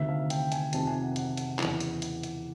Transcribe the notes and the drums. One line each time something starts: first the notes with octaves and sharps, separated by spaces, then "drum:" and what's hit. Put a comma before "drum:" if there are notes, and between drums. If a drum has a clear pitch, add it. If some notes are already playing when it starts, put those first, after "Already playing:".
Already playing: D2 C3 D#3 E5
F5
G5, drum: hi-hat
G#5, drum: hi-hat
F2 C3 D#3 A5, drum: hi-hat
G#5
F#5
F#5, drum: hi-hat
drum: hi-hat
E2 C#3 E3, drum: clap
drum: hi-hat
F#5, drum: hi-hat
drum: hi-hat